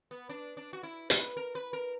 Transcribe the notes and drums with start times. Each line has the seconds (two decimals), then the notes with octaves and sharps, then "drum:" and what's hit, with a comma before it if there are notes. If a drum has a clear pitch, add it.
0.11 B3
0.29 D4
0.57 D4
0.73 F#4
0.83 E4
1.10 B4, drum: hi-hat
1.37 A#4
1.55 B4
1.73 A#4